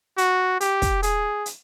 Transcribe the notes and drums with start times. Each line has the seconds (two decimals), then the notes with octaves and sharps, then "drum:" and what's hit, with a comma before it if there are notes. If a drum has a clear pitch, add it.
0.18 F#4, drum: hi-hat
0.61 G4, drum: hi-hat
0.82 drum: kick, hi-hat
1.03 G#4, drum: hi-hat
1.46 drum: hi-hat